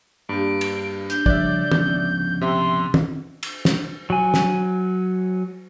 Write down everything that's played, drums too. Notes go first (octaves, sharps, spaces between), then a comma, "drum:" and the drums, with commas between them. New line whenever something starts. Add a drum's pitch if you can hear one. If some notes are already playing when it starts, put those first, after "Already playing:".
G2 A#3 D4 G4 D7
drum: cymbal
D4 G6, drum: hi-hat
C#3 F3 G3 D4 D5 E5 F#6, drum: kick
F3 B3 C#4, drum: tom
C3 E5 C6
drum: tom
drum: cymbal
drum: snare
F#3 G#5
drum: snare